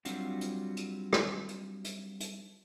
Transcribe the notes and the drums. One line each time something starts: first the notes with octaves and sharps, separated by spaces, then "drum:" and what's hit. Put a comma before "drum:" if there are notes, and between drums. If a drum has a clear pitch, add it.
F#3 G3 C4 D4 F4 F#4, drum: hi-hat
drum: hi-hat
drum: hi-hat
drum: rim click
drum: hi-hat
drum: hi-hat
drum: hi-hat